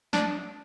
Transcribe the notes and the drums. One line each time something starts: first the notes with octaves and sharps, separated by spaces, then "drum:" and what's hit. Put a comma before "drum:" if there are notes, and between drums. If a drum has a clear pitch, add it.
D4, drum: snare